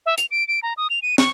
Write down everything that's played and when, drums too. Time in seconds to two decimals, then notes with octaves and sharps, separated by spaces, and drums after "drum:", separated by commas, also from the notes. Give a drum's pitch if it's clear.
0.06 E5
0.18 F7, drum: hi-hat
0.31 D7
0.48 D7
0.63 A#5
0.77 D#6
0.90 F7
1.02 D#7
1.18 C#6, drum: snare